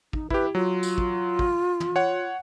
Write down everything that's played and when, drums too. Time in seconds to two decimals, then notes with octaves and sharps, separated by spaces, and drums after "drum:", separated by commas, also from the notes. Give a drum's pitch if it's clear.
0.13 D#4, drum: kick
0.30 E4 G4 B4, drum: kick
0.55 F#3 F4
0.83 drum: tambourine
0.98 drum: kick
1.39 drum: kick
1.80 drum: tom
1.96 C#5 F#5